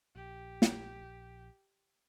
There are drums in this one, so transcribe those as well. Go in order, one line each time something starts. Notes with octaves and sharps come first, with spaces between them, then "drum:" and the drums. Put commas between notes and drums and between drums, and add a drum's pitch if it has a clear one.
A#1 G4
drum: snare